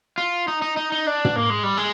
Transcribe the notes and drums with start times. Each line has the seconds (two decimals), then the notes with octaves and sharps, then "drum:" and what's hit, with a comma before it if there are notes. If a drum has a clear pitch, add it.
0.18 F4
0.48 D#4
0.62 D#4
0.77 D#4
0.92 D#4
1.07 D4
1.25 drum: tom
1.36 A#3
1.50 G#3
1.63 G3
1.77 G#3